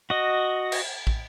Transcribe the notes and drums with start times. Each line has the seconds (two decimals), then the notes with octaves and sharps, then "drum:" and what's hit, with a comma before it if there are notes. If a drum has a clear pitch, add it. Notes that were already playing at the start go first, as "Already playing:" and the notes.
0.10 F#4 D#5
0.72 drum: cymbal
1.07 drum: kick